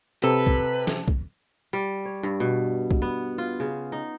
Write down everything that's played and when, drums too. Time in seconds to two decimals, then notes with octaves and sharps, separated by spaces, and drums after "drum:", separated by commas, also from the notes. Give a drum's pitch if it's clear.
0.23 C3 A4 B4
0.47 drum: kick
0.87 drum: snare
1.08 drum: kick
1.73 G3
2.05 C#5
2.23 G2
2.40 B2
2.91 drum: kick
3.02 B3
3.38 F4
3.60 C#3
3.92 D#4